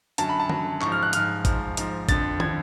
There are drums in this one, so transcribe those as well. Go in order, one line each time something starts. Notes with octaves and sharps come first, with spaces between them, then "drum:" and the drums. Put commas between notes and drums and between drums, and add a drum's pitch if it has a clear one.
F#2 D3 F#3 A5, drum: hi-hat
B5
A5
F#2 D3 F#3, drum: tom
G#2 F3 C#6, drum: clap
F6
F#6
G#2 F3 F6, drum: hi-hat
G#2 F3, drum: kick A1, hi-hat
G#2 F3, drum: hi-hat
F2 D3 F3 A6, drum: kick A1, hi-hat
D3 F3 G#6, drum: tom